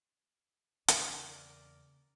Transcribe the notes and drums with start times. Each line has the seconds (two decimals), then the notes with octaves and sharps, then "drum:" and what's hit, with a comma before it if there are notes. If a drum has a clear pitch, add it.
0.88 E2 C#3 A#3 A#4 D5, drum: hi-hat